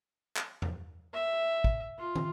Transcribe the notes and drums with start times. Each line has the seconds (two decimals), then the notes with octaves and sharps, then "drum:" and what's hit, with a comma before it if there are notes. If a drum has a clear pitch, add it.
0.37 drum: clap
0.62 drum: tom E2
1.13 E5
1.64 drum: kick
1.98 F4
2.15 drum: tom